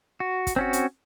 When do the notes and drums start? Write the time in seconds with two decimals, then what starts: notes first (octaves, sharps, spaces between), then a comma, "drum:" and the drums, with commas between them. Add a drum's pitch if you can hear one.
0.20 F#4
0.47 drum: kick, hi-hat
0.56 C4 C#4 F#4
0.73 drum: hi-hat